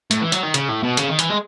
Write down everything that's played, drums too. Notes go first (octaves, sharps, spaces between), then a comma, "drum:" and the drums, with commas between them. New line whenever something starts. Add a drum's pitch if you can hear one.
A2, drum: hi-hat
E3
F#3, drum: hi-hat
D#3
C#3, drum: hi-hat
A2
B2
C#3, drum: hi-hat
D#3
E3, drum: hi-hat
G#3